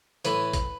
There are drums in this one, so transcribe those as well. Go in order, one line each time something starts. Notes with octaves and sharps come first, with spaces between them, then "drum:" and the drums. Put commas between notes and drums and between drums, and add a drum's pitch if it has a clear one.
A2 E3 B4, drum: hi-hat
drum: kick A1, hi-hat